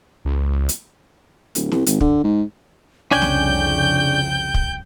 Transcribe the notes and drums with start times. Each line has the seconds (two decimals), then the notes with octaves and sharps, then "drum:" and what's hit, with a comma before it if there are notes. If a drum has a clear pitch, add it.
0.25 C#2
0.69 drum: hi-hat
1.55 D1, drum: hi-hat
1.72 C2, drum: snare
1.86 G#1, drum: hi-hat
2.00 D3, drum: kick
2.24 G#2
3.11 C2 F2 C#3 C#4 D4 G5 G#5 G6
3.22 drum: snare
4.54 drum: kick